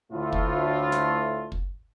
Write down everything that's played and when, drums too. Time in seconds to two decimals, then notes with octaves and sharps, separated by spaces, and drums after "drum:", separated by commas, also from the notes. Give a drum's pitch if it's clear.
0.13 D2 A2 A3 F4
0.33 drum: kick
0.92 drum: snare
1.52 drum: kick